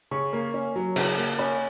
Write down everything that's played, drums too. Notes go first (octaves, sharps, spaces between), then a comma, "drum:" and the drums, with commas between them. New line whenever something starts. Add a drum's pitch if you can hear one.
C#3 C#6
A#3
C#4
F#3
C#3, drum: cymbal
A#3
C#4 B5